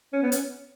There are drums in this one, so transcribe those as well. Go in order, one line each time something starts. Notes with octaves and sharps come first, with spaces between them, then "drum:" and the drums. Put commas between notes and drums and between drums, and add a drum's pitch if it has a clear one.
C#4
B3
C#4, drum: hi-hat